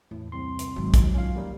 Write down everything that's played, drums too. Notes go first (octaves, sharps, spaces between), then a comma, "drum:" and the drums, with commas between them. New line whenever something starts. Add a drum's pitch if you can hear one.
E2 A2
C2 C4 C6
drum: hi-hat
G#1 D#3 F#3 D#4
drum: kick, hi-hat
C#4 F4 F5
D#3 G3 A#3